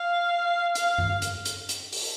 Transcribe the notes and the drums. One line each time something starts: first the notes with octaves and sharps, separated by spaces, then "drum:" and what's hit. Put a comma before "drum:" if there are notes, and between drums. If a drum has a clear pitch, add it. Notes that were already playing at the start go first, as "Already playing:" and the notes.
Already playing: F5
F5, drum: hi-hat
drum: tom F2
drum: hi-hat
drum: hi-hat
drum: hi-hat
drum: open hi-hat